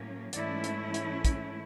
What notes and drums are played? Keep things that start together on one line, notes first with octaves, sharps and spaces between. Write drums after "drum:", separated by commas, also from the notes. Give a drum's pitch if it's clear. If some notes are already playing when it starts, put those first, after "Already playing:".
Already playing: A2 F#3 A#3 C#4
G#2 E3 A3 C#4 E4 D5, drum: hi-hat
drum: hi-hat
drum: hi-hat
drum: kick, hi-hat